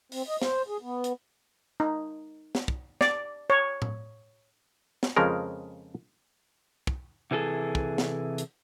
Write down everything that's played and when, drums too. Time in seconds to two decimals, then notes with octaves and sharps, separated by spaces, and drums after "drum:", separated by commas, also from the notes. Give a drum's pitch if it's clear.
0.12 C4, drum: open hi-hat
0.28 D#5
0.42 C5, drum: snare
0.68 G#4
0.82 B3
1.04 drum: hi-hat
1.80 D#4
2.55 drum: snare
2.68 drum: kick
3.01 D5, drum: snare
3.50 C#5
3.82 drum: tom A2
5.03 drum: snare
5.16 F2 C#3 F3 G#3 A#4
6.87 drum: kick
7.31 C3 E3 G#4 A4
7.75 drum: kick
7.98 drum: snare
8.38 drum: hi-hat